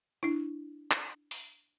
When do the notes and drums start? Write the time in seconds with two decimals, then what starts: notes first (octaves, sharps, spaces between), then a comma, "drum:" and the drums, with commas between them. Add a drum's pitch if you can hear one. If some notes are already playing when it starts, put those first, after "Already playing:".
0.23 D4 E4
0.91 drum: clap
1.31 drum: open hi-hat